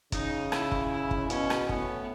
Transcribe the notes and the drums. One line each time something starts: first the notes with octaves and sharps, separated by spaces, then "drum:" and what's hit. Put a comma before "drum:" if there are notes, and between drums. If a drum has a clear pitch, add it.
C#3 D#4, drum: kick, hi-hat
E4, drum: rim click
drum: kick
E4
drum: kick
B2 C#4, drum: hi-hat
drum: rim click
A2 B3, drum: kick